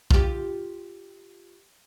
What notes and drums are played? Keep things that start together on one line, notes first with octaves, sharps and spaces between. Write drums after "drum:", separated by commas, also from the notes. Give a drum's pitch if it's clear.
F4 G4, drum: kick B1